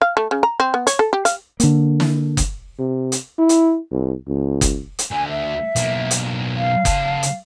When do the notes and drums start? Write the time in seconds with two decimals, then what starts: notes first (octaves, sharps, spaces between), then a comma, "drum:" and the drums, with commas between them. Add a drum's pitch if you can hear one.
0.02 F5
0.17 A3
0.31 C#3
0.43 A#5
0.60 C4
0.74 B3
0.87 C#5, drum: hi-hat
0.99 A4
1.13 G4
1.25 F5, drum: hi-hat
1.60 D3 A#3, drum: hi-hat
2.00 drum: snare
2.37 drum: kick F#1, hi-hat
2.79 C3
3.12 drum: hi-hat
3.38 E4
3.49 drum: hi-hat
3.91 C2
4.28 C#2
4.61 drum: kick F#1, hi-hat
4.99 drum: hi-hat
5.11 D2 D3 G#5
5.29 E5
5.76 B1 A#3, drum: hi-hat
6.11 drum: hi-hat
6.56 F5
6.85 C#3 A5, drum: kick F#1, hi-hat
7.23 drum: hi-hat